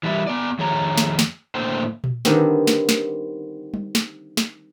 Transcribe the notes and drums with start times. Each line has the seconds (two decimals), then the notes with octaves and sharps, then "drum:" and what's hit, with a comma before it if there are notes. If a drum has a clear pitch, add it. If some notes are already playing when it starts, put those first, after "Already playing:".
0.03 E3 G3 E4
0.27 B3 D5
0.59 F2 D#3 G#4 C#5 A#5
0.98 drum: snare
1.19 drum: snare
1.55 A2 D3 A#3 C5 G5
2.04 drum: tom A#2
2.25 D3 D#3 G3 B3 C4, drum: snare
2.67 drum: snare
2.89 drum: snare
3.74 drum: tom G3
3.95 drum: snare
4.37 drum: snare